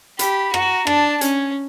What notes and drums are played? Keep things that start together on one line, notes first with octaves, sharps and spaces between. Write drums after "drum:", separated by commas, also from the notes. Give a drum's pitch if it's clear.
G4 B5, drum: hi-hat
F#4 A#5, drum: rim click
D4 A5, drum: rim click
C#4 G#5, drum: hi-hat